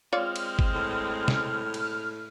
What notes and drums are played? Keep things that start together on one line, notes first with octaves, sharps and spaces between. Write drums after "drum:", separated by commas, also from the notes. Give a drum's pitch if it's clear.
G#3 C4 F4 C#5 D5 F6
drum: cymbal
drum: kick G1
A2
drum: snare
drum: cymbal